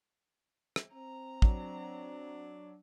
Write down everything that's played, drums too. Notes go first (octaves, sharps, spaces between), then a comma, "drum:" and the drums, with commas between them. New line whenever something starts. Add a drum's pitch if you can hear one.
drum: rim click
C4 A#5
F#3 D4, drum: kick